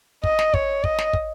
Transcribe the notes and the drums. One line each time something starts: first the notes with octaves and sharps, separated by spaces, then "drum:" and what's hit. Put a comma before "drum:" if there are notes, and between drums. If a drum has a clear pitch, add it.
D#5, drum: kick
drum: snare
C#5, drum: kick
D#5, drum: kick
drum: snare
drum: kick